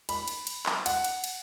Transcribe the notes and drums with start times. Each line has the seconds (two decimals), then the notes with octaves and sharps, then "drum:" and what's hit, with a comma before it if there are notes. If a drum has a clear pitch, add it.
0.09 B5, drum: cymbal
0.28 drum: cymbal
0.47 drum: cymbal
0.66 drum: clap
0.86 F#5, drum: cymbal
1.04 drum: cymbal
1.24 drum: cymbal